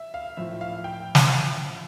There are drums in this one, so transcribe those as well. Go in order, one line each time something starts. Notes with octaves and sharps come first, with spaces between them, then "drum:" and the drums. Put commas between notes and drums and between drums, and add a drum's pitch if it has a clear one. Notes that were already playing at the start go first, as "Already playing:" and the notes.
Already playing: E5
F5
A#1 A2 F3 E5
F5
G5
drum: snare